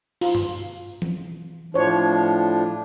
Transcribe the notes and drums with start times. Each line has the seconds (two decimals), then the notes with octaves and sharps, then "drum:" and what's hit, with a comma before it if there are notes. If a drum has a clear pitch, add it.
0.21 F4, drum: open hi-hat
0.35 drum: tom G2
1.02 drum: tom E3
1.74 A2 F3 D4 C5 C#5